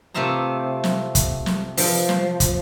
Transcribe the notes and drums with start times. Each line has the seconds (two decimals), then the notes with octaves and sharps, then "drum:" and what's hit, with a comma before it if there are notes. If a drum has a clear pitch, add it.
0.14 C3 A3 F4 E5 A#5
0.84 drum: snare
1.15 drum: kick, hi-hat
1.46 drum: snare
1.77 F3, drum: open hi-hat
2.09 drum: snare
2.40 drum: kick, hi-hat